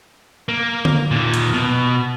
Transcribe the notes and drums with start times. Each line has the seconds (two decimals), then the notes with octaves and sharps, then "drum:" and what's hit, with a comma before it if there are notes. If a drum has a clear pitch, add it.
0.49 A#3
0.85 drum: tom D3
1.11 A#2 D#3
1.34 drum: hi-hat
1.54 B2